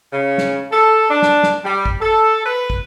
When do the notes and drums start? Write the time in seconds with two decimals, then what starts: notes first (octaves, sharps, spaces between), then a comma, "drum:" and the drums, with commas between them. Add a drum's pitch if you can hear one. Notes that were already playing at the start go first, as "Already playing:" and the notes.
0.12 C#3
0.38 drum: snare
0.71 A4
1.09 D4
1.22 drum: snare
1.43 drum: snare
1.64 G3
1.86 drum: kick
2.00 A4
2.45 B4
2.70 drum: kick